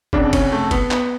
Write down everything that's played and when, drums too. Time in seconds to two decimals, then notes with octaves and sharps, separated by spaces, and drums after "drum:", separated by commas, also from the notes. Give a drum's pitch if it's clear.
0.13 F1 F2 C#3 D4, drum: kick
0.33 C#4, drum: kick, cymbal
0.52 A3
0.71 B3, drum: kick, cymbal
0.91 B3, drum: clap